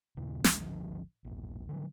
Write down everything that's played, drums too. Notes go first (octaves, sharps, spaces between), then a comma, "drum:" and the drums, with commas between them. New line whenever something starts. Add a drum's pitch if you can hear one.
D#2 A#2 C#3
D1 B1 G#3 C#4, drum: snare
G#1 D2 D3 F3
E1 A#1
D3 F3 F#3